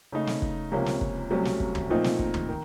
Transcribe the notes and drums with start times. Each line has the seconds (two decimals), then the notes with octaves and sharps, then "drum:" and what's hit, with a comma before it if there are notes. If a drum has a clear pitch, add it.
0.13 C#3 A3 D#4
0.27 drum: snare
0.42 drum: kick
0.71 C#2 C3 F3 A#3 C#4
0.86 drum: snare
1.01 drum: kick
1.30 C2 C3 F#3 A3 C#4
1.45 drum: snare
1.60 drum: kick
1.75 drum: tom
1.89 A#2 F3 A3 C4 D#4
2.04 drum: snare
2.19 drum: kick
2.34 drum: tom
2.49 D#3